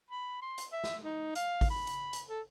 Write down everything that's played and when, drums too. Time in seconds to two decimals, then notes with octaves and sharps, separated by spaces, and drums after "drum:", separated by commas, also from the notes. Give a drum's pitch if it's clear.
0.10 B5
0.42 C6
0.58 drum: hi-hat
0.72 E5
0.84 drum: snare
1.05 D#4
1.35 F5, drum: hi-hat
1.61 drum: kick A1, open hi-hat
1.70 B5
1.87 drum: hi-hat
2.13 drum: hi-hat
2.29 A4